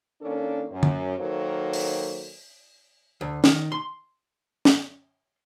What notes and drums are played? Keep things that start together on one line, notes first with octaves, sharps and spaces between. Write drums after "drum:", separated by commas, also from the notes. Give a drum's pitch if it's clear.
D#3 A#3 C#4 D4 A4
F#2
drum: tom D3
D#3 F#3 A#3 F#4 A4 C5
drum: open hi-hat
D2
D#3, drum: snare
C6
drum: snare